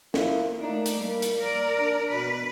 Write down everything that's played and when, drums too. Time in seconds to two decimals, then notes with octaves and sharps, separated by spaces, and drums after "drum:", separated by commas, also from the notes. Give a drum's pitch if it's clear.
0.14 A#3 E4 F4, drum: snare
0.60 A3 A#3 D4 D#4
0.86 drum: hi-hat
0.98 G3 A#3
1.22 drum: hi-hat
1.39 A#4 D5
1.79 D4
2.10 B2 B4